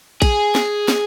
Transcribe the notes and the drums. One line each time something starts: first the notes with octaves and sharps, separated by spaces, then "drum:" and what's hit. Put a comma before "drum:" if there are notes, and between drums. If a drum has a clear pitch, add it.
G#4, drum: kick A#1, cymbal
drum: snare
drum: snare